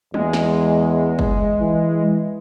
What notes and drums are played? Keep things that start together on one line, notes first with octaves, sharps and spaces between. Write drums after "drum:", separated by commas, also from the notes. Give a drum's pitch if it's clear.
E2 G#3, drum: tom
drum: snare
drum: kick
E3